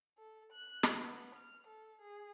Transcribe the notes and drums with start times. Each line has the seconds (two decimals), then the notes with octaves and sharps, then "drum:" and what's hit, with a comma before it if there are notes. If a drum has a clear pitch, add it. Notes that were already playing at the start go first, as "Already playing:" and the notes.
0.18 A4
0.52 F#6
0.83 drum: snare
1.01 B3
1.35 F6
1.67 A4
2.01 G#4